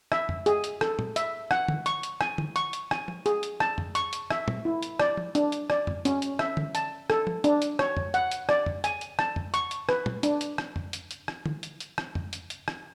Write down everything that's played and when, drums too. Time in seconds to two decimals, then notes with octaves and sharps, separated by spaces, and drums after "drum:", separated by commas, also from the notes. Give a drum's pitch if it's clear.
0.12 E5, drum: rim click
0.29 drum: tom
0.46 G#4, drum: hi-hat
0.64 drum: hi-hat
0.81 A4, drum: rim click
0.99 drum: tom
1.16 E5, drum: hi-hat
1.51 F#5, drum: rim click
1.68 drum: tom
1.86 C#6, drum: hi-hat
2.03 drum: hi-hat
2.21 G#5, drum: rim click
2.38 drum: tom
2.56 C#6, drum: hi-hat
2.73 drum: hi-hat
2.91 G#5, drum: rim click
3.08 drum: tom
3.26 G#4, drum: hi-hat
3.43 drum: hi-hat
3.60 A5, drum: rim click
3.78 drum: tom
3.95 C#6, drum: hi-hat
4.13 drum: hi-hat
4.30 E5, drum: rim click
4.48 drum: tom
4.65 E4
4.83 drum: hi-hat
5.00 D5, drum: rim click
5.17 drum: tom
5.35 D4, drum: hi-hat
5.52 drum: hi-hat
5.70 D5, drum: rim click
5.87 drum: tom
6.05 C#4, drum: hi-hat
6.22 drum: hi-hat
6.39 E5, drum: rim click
6.57 drum: tom
6.75 A5, drum: hi-hat
7.10 A4, drum: rim click
7.27 drum: tom
7.44 D4, drum: hi-hat
7.62 drum: hi-hat
7.79 C#5, drum: rim click
7.97 drum: tom
8.14 F#5, drum: hi-hat
8.31 drum: hi-hat
8.49 D5, drum: rim click
8.66 drum: tom
8.84 G#5, drum: hi-hat
9.01 drum: hi-hat
9.19 A5, drum: rim click
9.36 drum: tom
9.54 C#6, drum: hi-hat
9.71 drum: hi-hat
9.89 B4, drum: rim click
10.06 drum: tom
10.23 D4, drum: hi-hat
10.41 drum: hi-hat
10.58 drum: rim click
10.76 drum: tom
10.93 drum: hi-hat
11.11 drum: hi-hat
11.28 drum: rim click
11.46 drum: tom
11.63 drum: hi-hat
11.80 drum: hi-hat
11.98 drum: rim click
12.15 drum: tom
12.33 drum: hi-hat
12.50 drum: hi-hat
12.68 drum: rim click